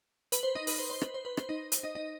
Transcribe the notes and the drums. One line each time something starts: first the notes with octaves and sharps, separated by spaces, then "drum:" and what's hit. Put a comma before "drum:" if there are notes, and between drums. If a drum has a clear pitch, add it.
B4, drum: hi-hat
C5
D#4 D#5
B4, drum: open hi-hat
C5
C5
B4, drum: rim click
C5
B4
C5, drum: rim click
D#4 D#5
C5, drum: hi-hat
D#4 D#5
D#4 D#5